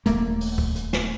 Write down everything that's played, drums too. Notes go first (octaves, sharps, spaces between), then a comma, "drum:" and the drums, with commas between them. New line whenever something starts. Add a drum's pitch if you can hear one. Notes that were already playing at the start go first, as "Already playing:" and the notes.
D#1 A3 A#3, drum: hi-hat
drum: open hi-hat
drum: kick
drum: hi-hat
drum: snare